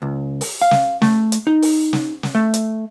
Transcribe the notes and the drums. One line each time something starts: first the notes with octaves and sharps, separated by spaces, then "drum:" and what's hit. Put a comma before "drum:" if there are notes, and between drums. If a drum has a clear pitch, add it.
C#2
drum: open hi-hat
F5
drum: snare
A3, drum: snare
drum: hi-hat
D#4
drum: open hi-hat
drum: snare
drum: snare
A3
drum: hi-hat